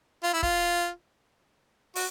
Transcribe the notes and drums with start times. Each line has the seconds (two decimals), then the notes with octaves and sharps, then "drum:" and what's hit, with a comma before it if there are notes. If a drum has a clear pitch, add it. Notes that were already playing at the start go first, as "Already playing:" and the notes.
0.23 F4
0.33 E4
0.43 F4, drum: kick
1.95 F#4, drum: open hi-hat